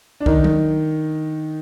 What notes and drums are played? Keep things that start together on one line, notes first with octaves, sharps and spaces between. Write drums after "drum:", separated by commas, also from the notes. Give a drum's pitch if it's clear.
D4
D#3 D#4, drum: kick
drum: tom F#3